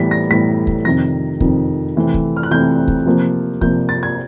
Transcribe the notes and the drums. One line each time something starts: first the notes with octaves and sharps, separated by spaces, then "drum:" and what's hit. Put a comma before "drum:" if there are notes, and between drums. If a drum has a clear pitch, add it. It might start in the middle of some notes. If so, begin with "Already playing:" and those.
Already playing: A2 E3 G3 B3 B6
A#6
A2 E3 G3 B3 B6
drum: kick
F2 C3 D#3 A#6
F2 C3 D#3, drum: kick
C3 E3 A3 C4
drum: kick
F6
F#6
C3 E3 A3 C4 G6
drum: kick
C3 F3 A#3
C3 F3 A#3 G6, drum: kick
A6
G#6